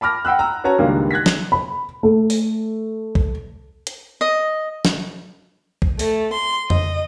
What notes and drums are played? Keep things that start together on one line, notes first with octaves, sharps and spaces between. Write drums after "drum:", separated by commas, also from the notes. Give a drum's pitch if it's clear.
A5 B5 D6 F6 A#6
F#5 G5 B5 E6 F#6
A#5 E6
C#4 F#4 B4 C#5 A5 A#5
C#2 G2 D#3 G3 G#3 A#3
F#6 G#6 A#6 B6
drum: snare
B5
A3
drum: open hi-hat
drum: kick
drum: hi-hat
D#5
drum: snare
drum: kick
A3, drum: open hi-hat
C6
D#5, drum: tom F2